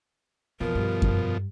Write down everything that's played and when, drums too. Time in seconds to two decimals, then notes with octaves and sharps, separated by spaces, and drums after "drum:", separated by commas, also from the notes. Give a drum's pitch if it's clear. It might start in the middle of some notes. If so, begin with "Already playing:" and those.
0.60 F2 B2 E3 F3 A#4
0.75 G2
1.02 drum: kick F#2